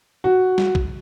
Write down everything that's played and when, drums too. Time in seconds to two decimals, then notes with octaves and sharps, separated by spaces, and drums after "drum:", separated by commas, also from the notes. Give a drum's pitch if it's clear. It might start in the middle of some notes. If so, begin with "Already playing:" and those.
0.24 F#4
0.58 drum: snare
0.75 drum: kick A#1